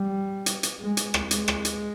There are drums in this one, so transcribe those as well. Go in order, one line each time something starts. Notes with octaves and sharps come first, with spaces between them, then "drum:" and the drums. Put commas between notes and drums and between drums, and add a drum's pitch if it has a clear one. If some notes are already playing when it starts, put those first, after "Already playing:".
Already playing: G3
drum: hi-hat
drum: hi-hat
G#3
drum: hi-hat
drum: rim click
G#3, drum: hi-hat
drum: rim click
drum: hi-hat